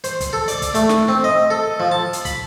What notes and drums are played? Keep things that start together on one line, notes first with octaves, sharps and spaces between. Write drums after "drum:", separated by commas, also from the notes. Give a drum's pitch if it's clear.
C5, drum: hi-hat
drum: kick, hi-hat
A4
D5, drum: hi-hat
drum: kick, hi-hat
A3, drum: hi-hat
drum: snare
C4
D#5
A4
F3
A5
drum: hi-hat
B5, drum: kick, hi-hat